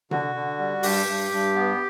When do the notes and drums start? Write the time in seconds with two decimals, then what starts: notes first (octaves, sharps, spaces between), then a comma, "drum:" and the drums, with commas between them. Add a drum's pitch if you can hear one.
0.11 D3 F#4, drum: tom C3
0.35 D3
0.59 G3
0.83 G2 G4, drum: open hi-hat
1.07 G2
1.31 G2
1.55 B3